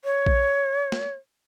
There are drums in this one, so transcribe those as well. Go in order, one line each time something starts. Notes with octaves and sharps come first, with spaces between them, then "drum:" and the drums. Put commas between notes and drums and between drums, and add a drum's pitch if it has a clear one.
C#5
drum: kick A#1
drum: snare